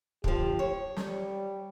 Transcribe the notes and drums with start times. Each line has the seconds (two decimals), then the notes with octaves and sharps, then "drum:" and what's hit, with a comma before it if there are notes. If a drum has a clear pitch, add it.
0.24 D3 F3 G4, drum: kick
0.59 C#5
0.97 G3, drum: snare